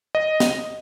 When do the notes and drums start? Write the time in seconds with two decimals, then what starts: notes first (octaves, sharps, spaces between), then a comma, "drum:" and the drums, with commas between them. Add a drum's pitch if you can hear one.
0.15 D#5
0.40 drum: snare